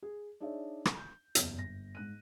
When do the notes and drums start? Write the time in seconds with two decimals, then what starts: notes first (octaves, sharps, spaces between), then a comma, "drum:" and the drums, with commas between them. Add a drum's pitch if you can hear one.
0.03 G#4
0.40 D4 D#4 G#4 C#5 D5 E5
0.85 drum: rim click
0.97 G6
1.35 F#1 E2, drum: hi-hat
1.58 G1 A#6
1.95 G#2 F#6 D#7